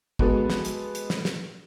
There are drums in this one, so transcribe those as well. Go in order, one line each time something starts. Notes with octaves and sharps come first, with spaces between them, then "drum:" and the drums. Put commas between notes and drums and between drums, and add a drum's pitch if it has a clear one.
G#3 B3 F#4 A4, drum: kick
drum: snare
drum: hi-hat
drum: hi-hat
drum: snare
drum: snare